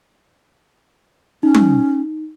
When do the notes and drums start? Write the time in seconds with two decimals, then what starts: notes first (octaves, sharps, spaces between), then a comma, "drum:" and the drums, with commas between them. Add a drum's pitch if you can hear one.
1.43 C#4 D#4
1.54 drum: tom